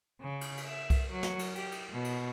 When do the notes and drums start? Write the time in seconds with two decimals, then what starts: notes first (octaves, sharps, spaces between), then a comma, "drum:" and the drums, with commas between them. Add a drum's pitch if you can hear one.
0.21 C#3
0.41 drum: cymbal
0.57 drum: cymbal
0.67 E5
0.90 drum: kick C2, cymbal
1.10 F#3
1.23 drum: snare
1.39 drum: cymbal
1.55 G4, drum: cymbal
1.72 drum: cymbal
1.92 B2
2.05 drum: cymbal